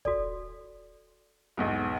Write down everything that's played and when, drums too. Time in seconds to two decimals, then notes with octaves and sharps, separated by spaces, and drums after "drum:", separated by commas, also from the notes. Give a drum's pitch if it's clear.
0.05 F#4 A4 D5, drum: kick
1.57 B1 E2 G#2